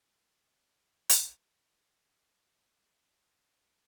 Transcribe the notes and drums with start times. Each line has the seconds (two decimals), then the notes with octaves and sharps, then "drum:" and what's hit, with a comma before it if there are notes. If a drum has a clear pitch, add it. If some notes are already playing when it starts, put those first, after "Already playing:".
0.11 B4
1.09 drum: hi-hat
1.88 F#4
2.38 D3 G3 A#3 F4 A4 A#4
2.53 C3
2.78 D4 E4 F4 G#4 C5 C#5
3.34 F2 A2 F#3 A#3 F4
3.57 D4 F#5 B5